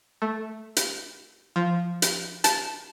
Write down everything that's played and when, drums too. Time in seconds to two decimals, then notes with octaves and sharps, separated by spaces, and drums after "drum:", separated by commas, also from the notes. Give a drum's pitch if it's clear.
0.22 A3
0.76 drum: hi-hat
1.56 F3
2.02 drum: hi-hat
2.44 A5, drum: hi-hat